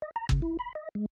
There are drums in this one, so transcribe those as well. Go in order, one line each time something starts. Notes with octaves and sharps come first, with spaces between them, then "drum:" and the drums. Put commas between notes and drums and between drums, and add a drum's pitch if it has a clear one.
D#5
A#5
C#3, drum: kick G1
E4
B5
D#5
G#3